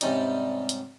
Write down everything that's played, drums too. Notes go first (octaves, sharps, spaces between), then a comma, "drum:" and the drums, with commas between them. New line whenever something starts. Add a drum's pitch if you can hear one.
G#2 C3 G3 C#4 D#4 D5, drum: hi-hat
drum: hi-hat